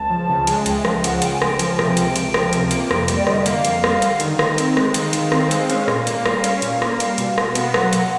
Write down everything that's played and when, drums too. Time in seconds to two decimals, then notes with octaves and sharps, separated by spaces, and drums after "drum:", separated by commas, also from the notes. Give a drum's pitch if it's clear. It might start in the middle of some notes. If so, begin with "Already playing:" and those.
Already playing: C#2 A5
0.10 F3
0.30 C#3
0.47 G#3 G#5, drum: hi-hat
0.61 G#5
0.66 C#2 G5, drum: hi-hat
0.77 E5
0.85 F3 F5, drum: rim click
1.04 C#3 F#5, drum: hi-hat
1.22 C#2 G5, drum: hi-hat
1.33 G#5
1.42 C#2 G5, drum: rim click
1.59 F3, drum: hi-hat
1.79 C3, drum: rim click
1.97 C#2, drum: hi-hat
2.16 C#2, drum: hi-hat
2.34 F3, drum: rim click
2.53 C3, drum: hi-hat
2.71 A#3, drum: hi-hat
2.91 F2, drum: rim click
3.08 G3, drum: hi-hat
3.17 D5
3.27 D3 D#5, drum: rim click
3.37 E5
3.46 A#3 F5, drum: hi-hat
3.65 F2, drum: hi-hat
3.84 G3, drum: rim click
4.02 D3, drum: hi-hat
4.20 D#3, drum: hi-hat
4.39 D#3, drum: rim click
4.58 C4, drum: hi-hat
4.77 G#3, drum: rim click
4.94 D#3 F5, drum: hi-hat
5.13 D#3, drum: hi-hat
5.32 C4, drum: rim click
5.51 G#3, drum: hi-hat
5.70 C#4, drum: hi-hat
5.88 A#2, drum: rim click
6.07 A#3, drum: hi-hat
6.26 G3, drum: rim click
6.44 C#4, drum: hi-hat
6.62 A#2, drum: hi-hat
6.82 A#3, drum: rim click
7.00 G3, drum: hi-hat
7.18 B2, drum: hi-hat
7.38 B2, drum: rim click
7.55 B3, drum: hi-hat
7.74 F#3, drum: rim click
7.93 B2 F#5, drum: hi-hat